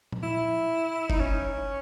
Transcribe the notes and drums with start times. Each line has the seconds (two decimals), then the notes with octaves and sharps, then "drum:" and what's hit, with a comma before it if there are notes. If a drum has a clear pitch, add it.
0.12 drum: tom A#2
0.23 E4
1.10 D#4, drum: kick F#1
1.20 C#4